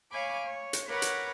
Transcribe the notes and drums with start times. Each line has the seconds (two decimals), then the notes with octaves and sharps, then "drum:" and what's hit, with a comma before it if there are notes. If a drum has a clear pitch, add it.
0.11 C#5 F5 G#5 B5 D6
0.44 C#5
0.73 drum: hi-hat
0.88 A#4 B4 C#5 F#5 B5 D6
1.02 drum: hi-hat